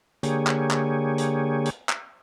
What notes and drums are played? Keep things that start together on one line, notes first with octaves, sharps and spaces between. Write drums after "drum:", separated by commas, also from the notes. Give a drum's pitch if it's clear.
D3 A#3 G4 G#4 C#5, drum: hi-hat
drum: clap
drum: clap
drum: hi-hat
drum: hi-hat
drum: clap